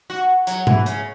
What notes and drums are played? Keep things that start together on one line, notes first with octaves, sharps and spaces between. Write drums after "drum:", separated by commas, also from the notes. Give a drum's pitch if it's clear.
F#4
F#3, drum: hi-hat
E3, drum: tom G#2
C#3, drum: hi-hat